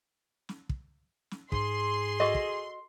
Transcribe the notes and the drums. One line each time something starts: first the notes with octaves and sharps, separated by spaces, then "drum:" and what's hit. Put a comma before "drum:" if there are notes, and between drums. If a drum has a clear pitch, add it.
drum: snare
drum: kick
drum: snare
G#2 G#4 C6, drum: kick
F#4 A4 D#5
drum: kick